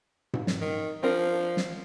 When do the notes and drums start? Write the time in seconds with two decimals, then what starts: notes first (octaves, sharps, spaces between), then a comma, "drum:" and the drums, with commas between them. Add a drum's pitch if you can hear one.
0.33 drum: tom G#2
0.47 drum: snare
0.61 D#3
1.03 F3 C4 D4 A#4
1.57 drum: snare